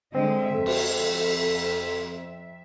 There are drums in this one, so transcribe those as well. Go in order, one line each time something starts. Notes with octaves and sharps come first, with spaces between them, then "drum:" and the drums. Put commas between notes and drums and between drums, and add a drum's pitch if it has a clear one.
D3 G#3 C4 D#5
F2 A4 E5
drum: cymbal